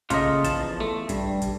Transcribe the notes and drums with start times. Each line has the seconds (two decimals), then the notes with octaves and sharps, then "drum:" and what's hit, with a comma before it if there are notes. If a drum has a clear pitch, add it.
0.10 C#3 A3 A#3 F4 D#5, drum: kick, hi-hat
0.44 E2 F3 A5, drum: kick, hi-hat
0.80 A3
1.09 G2 G3, drum: kick, hi-hat
1.42 drum: kick, hi-hat